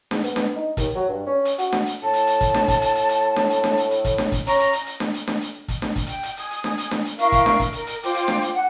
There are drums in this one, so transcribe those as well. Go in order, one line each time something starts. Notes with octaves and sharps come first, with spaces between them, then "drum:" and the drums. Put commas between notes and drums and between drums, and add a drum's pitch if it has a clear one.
G#2, drum: snare D4
B3, drum: hi-hat
drum: snare D4
D#4
D#2, drum: kick, hi-hat
F#3
G2
C#4
drum: hi-hat
F#4, drum: hi-hat
drum: snare D4
drum: hi-hat
A2 A5
drum: hi-hat
drum: hi-hat
drum: kick, hi-hat
drum: snare D4
drum: kick, hi-hat
drum: hi-hat
drum: hi-hat
drum: hi-hat
drum: snare D4
drum: hi-hat
drum: snare D4
drum: hi-hat
drum: hi-hat
drum: kick, hi-hat
drum: snare D4
drum: kick, hi-hat
C#4 A#5, drum: hi-hat
drum: hi-hat
drum: hi-hat
drum: hi-hat
drum: snare D4
drum: hi-hat
drum: snare D4
drum: hi-hat
drum: kick, hi-hat
drum: snare D4
drum: kick, hi-hat
G5, drum: hi-hat
drum: hi-hat
G#5 D#6, drum: hi-hat
drum: hi-hat
drum: snare D4
drum: hi-hat
drum: snare D4
drum: hi-hat
E4 A#4 F5 C#6, drum: hi-hat
drum: kick, hi-hat
drum: snare D4
drum: kick, hi-hat
A#4, drum: hi-hat
drum: hi-hat
F4 C5 G5 D6, drum: hi-hat
drum: hi-hat
drum: snare D4
drum: hi-hat
F#5